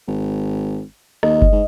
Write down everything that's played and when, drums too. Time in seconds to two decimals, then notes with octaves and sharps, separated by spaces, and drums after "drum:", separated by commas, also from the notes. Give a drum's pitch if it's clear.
0.08 G#1
1.23 D#2 D#5, drum: rim click
1.42 drum: kick F#1
1.52 G#2